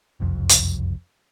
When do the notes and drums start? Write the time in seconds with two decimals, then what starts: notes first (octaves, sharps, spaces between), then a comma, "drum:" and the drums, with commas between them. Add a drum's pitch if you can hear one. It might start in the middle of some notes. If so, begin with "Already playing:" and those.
0.20 F#1 C2 F2
0.49 drum: hi-hat